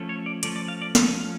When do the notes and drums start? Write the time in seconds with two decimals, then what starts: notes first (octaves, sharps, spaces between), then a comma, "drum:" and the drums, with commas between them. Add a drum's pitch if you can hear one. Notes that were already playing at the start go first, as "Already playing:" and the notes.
Already playing: F3 A3 C#4
0.09 C#5
0.26 D5
0.43 F3 A3 C#4 D5, drum: hi-hat
0.56 D5
0.68 F5
0.82 D5
0.95 F3 A3 C#4 F5, drum: snare
1.21 F5